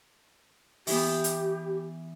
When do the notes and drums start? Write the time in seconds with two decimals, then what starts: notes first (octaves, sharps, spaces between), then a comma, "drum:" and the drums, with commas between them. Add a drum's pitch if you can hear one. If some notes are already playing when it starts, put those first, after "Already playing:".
0.87 E3 B3 G4, drum: open hi-hat
1.24 drum: hi-hat